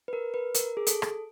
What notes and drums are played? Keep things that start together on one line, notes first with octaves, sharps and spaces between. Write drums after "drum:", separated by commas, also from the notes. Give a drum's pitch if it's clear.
B4
A#4
B4
A#4, drum: hi-hat
G#4
A4, drum: hi-hat
drum: rim click